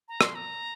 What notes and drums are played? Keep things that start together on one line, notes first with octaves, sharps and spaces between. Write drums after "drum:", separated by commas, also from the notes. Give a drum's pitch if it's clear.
A#5
C6, drum: rim click
A#5